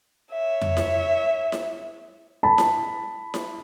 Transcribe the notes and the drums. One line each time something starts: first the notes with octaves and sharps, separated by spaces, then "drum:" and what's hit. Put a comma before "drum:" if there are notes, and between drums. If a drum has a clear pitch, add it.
C#5 E5
drum: tom F2
drum: snare E4
drum: snare E4
A5 B5
drum: snare E4
drum: snare E4